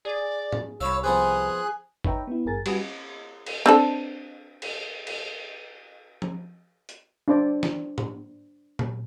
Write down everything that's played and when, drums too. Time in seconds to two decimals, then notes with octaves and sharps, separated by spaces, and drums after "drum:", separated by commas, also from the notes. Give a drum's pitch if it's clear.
0.05 G#4 D5
0.52 drum: tom G#2
0.81 C2 C#5 F5 B5 E6
1.03 F3 B3 C4 G#4 G#5 F#6
2.04 D#4 B4 C#5 E5 G5 A#5, drum: kick
2.27 B3 E4
2.45 G#1 G2 G#4 A#4 G#5 A6
2.66 G3 F#4 B4 G#5 D#6, drum: cymbal
3.46 drum: cymbal
3.66 C4 D4 A4
4.62 drum: cymbal
5.07 drum: cymbal
6.22 drum: tom
6.89 drum: hi-hat
7.28 D4 C5 D5
7.63 drum: snare
7.98 drum: tom G#2
8.79 drum: tom A#2